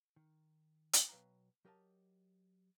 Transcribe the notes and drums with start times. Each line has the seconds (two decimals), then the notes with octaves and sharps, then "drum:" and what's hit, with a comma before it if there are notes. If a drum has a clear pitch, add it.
0.16 D#3
0.93 drum: hi-hat
1.09 B2 F#3 B4 F5 G5 A#5
1.65 F#3 G4 A#4 D#5 E5 A5